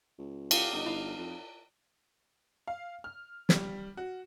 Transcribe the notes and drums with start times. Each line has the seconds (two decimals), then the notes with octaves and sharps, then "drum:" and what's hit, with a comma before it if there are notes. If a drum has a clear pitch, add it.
0.19 C#2
0.51 F4 G4 F5 F#5, drum: cymbal
0.73 G1 D#4
0.86 G1 E4 F5
1.18 F2
2.68 F5
3.04 F6
3.49 G3, drum: snare
3.97 F#4